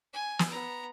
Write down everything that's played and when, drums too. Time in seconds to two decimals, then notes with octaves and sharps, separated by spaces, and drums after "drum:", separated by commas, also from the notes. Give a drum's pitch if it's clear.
0.13 G#5
0.39 drum: snare
0.49 B3 A#5